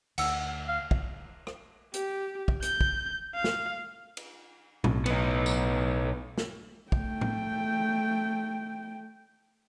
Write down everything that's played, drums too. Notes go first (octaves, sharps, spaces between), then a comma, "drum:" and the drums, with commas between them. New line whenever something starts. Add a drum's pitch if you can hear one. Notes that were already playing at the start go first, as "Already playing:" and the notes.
D2 F#5 E6, drum: cymbal
F5
drum: kick
drum: rim click
G4, drum: hi-hat
drum: kick
G6, drum: hi-hat
drum: kick
F5
drum: snare
drum: cymbal
B1 A2, drum: tom A2
B3 D#4, drum: cymbal
drum: tambourine
drum: snare
A3 G5, drum: kick
drum: tom A2